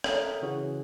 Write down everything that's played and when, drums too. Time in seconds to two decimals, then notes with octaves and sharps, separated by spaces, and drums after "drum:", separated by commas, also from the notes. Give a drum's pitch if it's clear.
0.04 A4 A#4 E5 G5 D#6, drum: rim click
0.42 C#3 E3 C#4 F#4 G#4